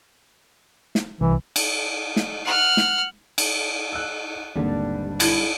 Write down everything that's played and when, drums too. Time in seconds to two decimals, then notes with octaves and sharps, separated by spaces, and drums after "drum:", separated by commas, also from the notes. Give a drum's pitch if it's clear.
0.95 drum: snare
1.21 C2 E3
1.56 drum: cymbal
2.16 drum: snare
2.45 F#5 F6
2.77 drum: snare
3.38 drum: cymbal
3.93 E6 F#6
4.56 G#1 D#2 D3 G3 D4
5.20 E4, drum: cymbal